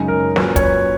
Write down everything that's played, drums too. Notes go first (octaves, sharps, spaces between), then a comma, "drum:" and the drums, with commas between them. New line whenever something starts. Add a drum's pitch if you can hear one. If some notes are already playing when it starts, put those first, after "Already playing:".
Already playing: F#2 C#3 G#3 D#4
A#4
A#2 F#3 C#4 B4, drum: snare
C#5, drum: kick, hi-hat
B4